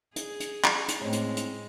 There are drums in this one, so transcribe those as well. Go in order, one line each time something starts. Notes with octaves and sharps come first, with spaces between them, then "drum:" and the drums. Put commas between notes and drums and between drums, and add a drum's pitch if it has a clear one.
G#4, drum: hi-hat
drum: hi-hat
drum: clap
drum: hi-hat
A2 G#3 C4 C#4
drum: hi-hat
drum: hi-hat